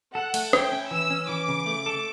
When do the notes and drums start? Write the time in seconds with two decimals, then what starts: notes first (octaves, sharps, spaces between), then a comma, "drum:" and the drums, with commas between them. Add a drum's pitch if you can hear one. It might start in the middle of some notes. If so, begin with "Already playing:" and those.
0.15 A4 F#5
0.34 A3, drum: cymbal
0.53 E4 G5, drum: rim click
0.72 C#4
0.91 E3 E6
1.10 C#4
1.29 E3 D6
1.48 C#3
1.66 A3
1.86 A4